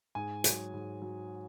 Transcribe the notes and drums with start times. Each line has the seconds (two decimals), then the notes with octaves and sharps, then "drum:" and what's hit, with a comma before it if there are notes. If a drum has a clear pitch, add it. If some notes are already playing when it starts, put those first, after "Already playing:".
0.15 G#2 G#5
0.44 F#3, drum: hi-hat
0.74 G#2
1.02 F#3